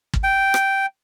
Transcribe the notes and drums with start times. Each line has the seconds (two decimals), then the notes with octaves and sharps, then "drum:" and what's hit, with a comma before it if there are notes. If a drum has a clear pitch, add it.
0.13 drum: kick
0.23 G5
0.54 drum: rim click